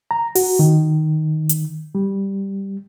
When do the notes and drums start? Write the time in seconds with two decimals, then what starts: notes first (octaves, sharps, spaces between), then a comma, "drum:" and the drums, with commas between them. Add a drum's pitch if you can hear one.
0.11 A#5
0.35 F#4, drum: open hi-hat
0.59 D#3
1.49 drum: hi-hat
1.95 G3